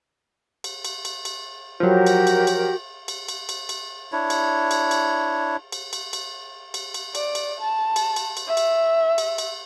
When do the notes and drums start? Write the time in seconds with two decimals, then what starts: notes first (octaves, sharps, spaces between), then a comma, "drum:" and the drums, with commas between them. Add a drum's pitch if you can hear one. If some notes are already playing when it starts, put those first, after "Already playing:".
0.64 drum: cymbal
0.85 drum: cymbal
1.05 drum: cymbal
1.25 drum: cymbal
1.80 F3 F#3 F#4 G4 A#4
2.07 drum: cymbal
2.27 drum: cymbal
2.47 drum: cymbal
3.08 drum: cymbal
3.28 drum: cymbal
3.49 drum: cymbal
3.69 drum: cymbal
4.12 D4 E4 C#5
4.30 drum: cymbal
4.71 drum: cymbal
4.91 drum: cymbal
5.72 drum: cymbal
5.93 drum: cymbal
6.13 drum: cymbal
6.74 drum: cymbal
6.94 drum: cymbal
7.15 D5, drum: cymbal
7.35 drum: cymbal
7.60 A5
7.96 drum: cymbal
8.16 drum: cymbal
8.37 drum: cymbal
8.47 E5
8.57 drum: cymbal
9.18 drum: cymbal
9.38 drum: cymbal